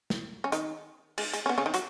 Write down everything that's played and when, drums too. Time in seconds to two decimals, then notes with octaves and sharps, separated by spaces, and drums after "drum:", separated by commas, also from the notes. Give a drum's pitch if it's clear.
0.10 drum: snare
0.44 C#4
0.52 D#3 D#4, drum: hi-hat
1.18 G#3, drum: cymbal
1.33 G#3, drum: hi-hat
1.46 C#4
1.49 B3
1.58 C#3 C#4
1.66 D#3 D#4
1.74 F#3 F#4, drum: hi-hat